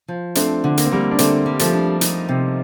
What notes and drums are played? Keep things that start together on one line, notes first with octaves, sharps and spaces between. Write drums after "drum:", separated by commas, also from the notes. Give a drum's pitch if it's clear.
F3
A3 C4 D4, drum: hi-hat
D3
A#3, drum: hi-hat
C4
D3 G3 A#3
D4
D3 A3 C4, drum: hi-hat
G3
F3 A3, drum: hi-hat
D4
D#4, drum: hi-hat
C3